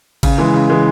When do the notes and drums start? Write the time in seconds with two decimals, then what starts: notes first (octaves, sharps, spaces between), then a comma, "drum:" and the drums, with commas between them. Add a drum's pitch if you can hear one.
0.23 C#3, drum: kick G#1, cymbal
0.38 E3 G#3
0.53 C#3
0.70 E3 G#3